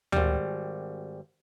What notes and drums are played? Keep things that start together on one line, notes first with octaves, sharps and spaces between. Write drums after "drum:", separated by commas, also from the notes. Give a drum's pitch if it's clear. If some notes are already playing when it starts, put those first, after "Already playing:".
G#1 G3, drum: tom D2